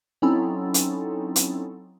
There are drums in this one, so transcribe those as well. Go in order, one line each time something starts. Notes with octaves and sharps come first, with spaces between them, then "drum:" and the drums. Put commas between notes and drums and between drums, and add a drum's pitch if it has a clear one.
F#3 C4 C#4 D#4 E4 A4
drum: hi-hat
drum: hi-hat